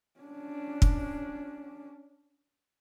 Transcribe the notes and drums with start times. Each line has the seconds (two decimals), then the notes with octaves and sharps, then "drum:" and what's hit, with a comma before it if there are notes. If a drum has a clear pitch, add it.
0.20 C#4 D4
0.82 drum: kick